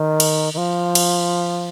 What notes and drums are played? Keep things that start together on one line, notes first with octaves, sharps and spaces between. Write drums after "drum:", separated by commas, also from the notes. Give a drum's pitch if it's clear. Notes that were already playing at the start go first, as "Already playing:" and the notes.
Already playing: D#3
drum: cymbal
D#3
F3
drum: cymbal